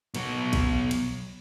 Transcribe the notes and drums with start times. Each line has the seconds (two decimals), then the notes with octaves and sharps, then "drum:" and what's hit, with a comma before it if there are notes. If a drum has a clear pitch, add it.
0.14 B2 F#3, drum: cymbal
0.53 drum: kick A#1, cymbal
0.91 drum: cymbal